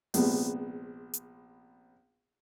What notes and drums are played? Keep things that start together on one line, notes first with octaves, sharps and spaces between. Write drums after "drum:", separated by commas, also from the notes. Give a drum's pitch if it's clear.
A#1 C3 G#3 B3, drum: open hi-hat
drum: hi-hat